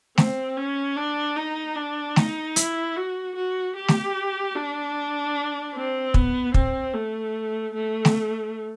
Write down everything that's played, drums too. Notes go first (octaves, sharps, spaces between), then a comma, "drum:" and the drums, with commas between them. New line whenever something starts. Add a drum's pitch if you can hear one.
C4, drum: snare A3
C#4
D4
D#4
D4
D#4, drum: snare A3
E4, drum: hi-hat
F#4
F#4
G4
drum: snare A3
D4
C4
B3, drum: kick
C4, drum: kick
A3
A3
drum: snare A3